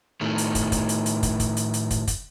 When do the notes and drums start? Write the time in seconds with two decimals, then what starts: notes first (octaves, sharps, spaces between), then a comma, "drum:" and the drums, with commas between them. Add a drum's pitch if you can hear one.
0.21 A2 D#3 A3
0.38 drum: hi-hat
0.55 drum: kick, hi-hat
0.72 drum: kick, hi-hat
0.89 drum: hi-hat
1.06 drum: hi-hat
1.23 drum: kick, hi-hat
1.40 drum: kick, hi-hat
1.57 drum: hi-hat
1.74 drum: hi-hat
1.91 drum: kick, hi-hat
2.07 drum: kick, hi-hat